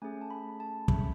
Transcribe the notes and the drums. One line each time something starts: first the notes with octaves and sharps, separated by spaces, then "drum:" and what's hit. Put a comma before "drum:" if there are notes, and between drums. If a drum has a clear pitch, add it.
A3 C#4 G#4 G#5
A5
B5
A5
A3 C#4 G#4 B5, drum: kick